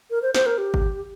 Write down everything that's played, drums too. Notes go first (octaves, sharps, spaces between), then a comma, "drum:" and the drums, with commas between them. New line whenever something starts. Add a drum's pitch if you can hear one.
A#4
C5
C5, drum: snare
A#4
G4
drum: kick G#1